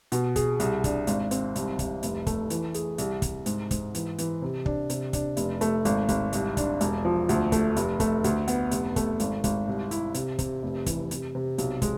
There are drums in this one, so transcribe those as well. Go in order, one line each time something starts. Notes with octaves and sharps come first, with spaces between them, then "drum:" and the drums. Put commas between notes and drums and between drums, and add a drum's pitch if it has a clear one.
B2, drum: hi-hat
G#4, drum: kick, hi-hat
C2, drum: hi-hat
D4, drum: kick, hi-hat
G#1, drum: hi-hat
C4, drum: hi-hat
C2, drum: hi-hat
C2, drum: kick, hi-hat
F1, drum: hi-hat
A3, drum: kick, hi-hat
E3, drum: hi-hat
G#4, drum: hi-hat
C2, drum: hi-hat
C2, drum: kick, hi-hat
G#2, drum: hi-hat
G#2, drum: kick, hi-hat
E3, drum: hi-hat
E3, drum: hi-hat
C3
D4, drum: kick
C3, drum: hi-hat
D4, drum: kick, hi-hat
F1, drum: hi-hat
A3, drum: hi-hat
G#1, drum: hi-hat
G#1, drum: kick, hi-hat
C2, drum: hi-hat
D4, drum: kick, hi-hat
E1, drum: hi-hat
F3
D2, drum: hi-hat
A3, drum: kick, hi-hat
F1, drum: hi-hat
A3, drum: kick, hi-hat
D2, drum: hi-hat
B3, drum: hi-hat
F1, drum: hi-hat
A3, drum: kick, hi-hat
G#1, drum: hi-hat
G#1, drum: kick, hi-hat
C2
E4, drum: hi-hat
C3, drum: hi-hat
C3, drum: kick, hi-hat
F1
E3, drum: kick, hi-hat
C3, drum: hi-hat
C3
B1, drum: hi-hat
G#3, drum: kick, hi-hat